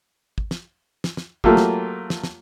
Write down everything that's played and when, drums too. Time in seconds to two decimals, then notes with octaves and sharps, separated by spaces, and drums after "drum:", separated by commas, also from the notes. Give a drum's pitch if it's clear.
0.38 drum: kick
0.51 drum: snare
1.04 drum: snare
1.17 drum: snare
1.44 F#3 A3 A#3 F4 G4, drum: kick
1.57 drum: snare
2.10 drum: snare
2.24 drum: snare